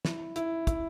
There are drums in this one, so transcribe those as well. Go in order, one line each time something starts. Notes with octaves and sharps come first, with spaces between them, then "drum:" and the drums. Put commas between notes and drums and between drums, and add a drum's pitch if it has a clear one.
E4, drum: snare
E4, drum: hi-hat
E4, drum: kick, hi-hat